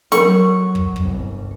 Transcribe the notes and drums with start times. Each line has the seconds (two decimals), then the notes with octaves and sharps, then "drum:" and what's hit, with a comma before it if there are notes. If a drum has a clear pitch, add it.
0.12 F#3 A4 A#4 C#6, drum: snare
0.75 drum: kick
0.96 G1 C2, drum: kick